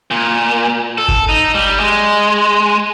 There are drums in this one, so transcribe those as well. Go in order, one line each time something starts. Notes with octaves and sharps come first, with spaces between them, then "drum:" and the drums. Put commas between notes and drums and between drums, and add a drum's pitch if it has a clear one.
A#2
A4
drum: kick G1
D#4
G3
G#3